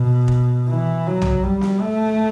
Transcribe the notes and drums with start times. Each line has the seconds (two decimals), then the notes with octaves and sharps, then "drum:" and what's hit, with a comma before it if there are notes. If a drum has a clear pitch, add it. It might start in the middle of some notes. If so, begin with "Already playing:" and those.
Already playing: B2
0.28 drum: kick
0.70 E3
1.07 F#3
1.22 drum: tom
1.43 G3
1.61 drum: snare
1.81 A3